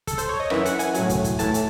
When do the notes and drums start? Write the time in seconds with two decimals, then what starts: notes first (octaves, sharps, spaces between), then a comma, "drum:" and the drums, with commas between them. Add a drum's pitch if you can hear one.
0.07 A4, drum: kick, hi-hat
0.18 C5, drum: hi-hat
0.29 C#5
0.40 D#5
0.50 F#2 E3 E5, drum: rim click
0.65 F#5, drum: hi-hat
0.79 G#5, drum: hi-hat
0.94 A2 F#3, drum: hi-hat
1.09 drum: kick, hi-hat
1.24 drum: kick, hi-hat
1.39 A2 E3 A5, drum: hi-hat
1.54 drum: hi-hat